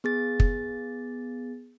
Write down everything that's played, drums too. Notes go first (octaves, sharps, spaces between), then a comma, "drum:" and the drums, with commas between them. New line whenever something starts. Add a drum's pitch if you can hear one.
B3 G#4 A6
drum: kick